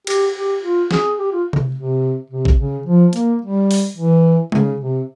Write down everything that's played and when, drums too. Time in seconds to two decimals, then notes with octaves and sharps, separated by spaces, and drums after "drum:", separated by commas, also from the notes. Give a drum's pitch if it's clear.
0.07 G4, drum: cymbal
0.36 G4
0.62 F4
0.91 G#4, drum: snare
1.19 G4
1.32 F4
1.53 drum: tom C3
1.75 C3
2.30 C3
2.45 drum: kick A1
2.58 C#3
2.86 F3
3.13 A#3, drum: hi-hat
3.42 G3
3.71 drum: open hi-hat
3.97 E3
4.52 C#3, drum: tom G#3
4.80 C3